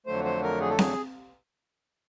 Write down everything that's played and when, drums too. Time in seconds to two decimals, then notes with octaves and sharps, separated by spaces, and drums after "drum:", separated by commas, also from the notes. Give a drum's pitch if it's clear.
0.06 F2 D3 F#3 A3 C5
0.24 C5
0.43 A#4
0.60 G#4
0.69 A4
0.79 G#4, drum: snare C4